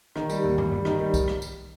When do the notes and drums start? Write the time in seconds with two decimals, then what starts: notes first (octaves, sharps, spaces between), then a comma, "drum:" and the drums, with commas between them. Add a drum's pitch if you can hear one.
0.16 D#3, drum: rim click
0.30 G3, drum: tambourine
0.44 D#2
0.58 G3, drum: tom G2
0.72 G3
0.85 D#3, drum: rim click
0.99 G3
1.14 drum: kick C2, tambourine
1.28 drum: rim click
1.42 drum: tambourine